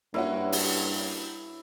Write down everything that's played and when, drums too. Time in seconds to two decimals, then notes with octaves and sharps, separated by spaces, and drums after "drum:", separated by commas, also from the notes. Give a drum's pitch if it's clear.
0.14 G2 A#3 C#4 E4 F#4
0.52 drum: open hi-hat